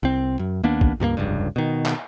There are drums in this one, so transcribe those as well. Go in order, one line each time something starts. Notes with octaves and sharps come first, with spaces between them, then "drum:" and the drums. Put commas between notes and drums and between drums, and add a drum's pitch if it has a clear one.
C2 C4
F#2
D#2 A#3 B3 D4
drum: kick
C#2 G2 A3 A#3
F1 C#2 G2
B2 D#3
drum: clap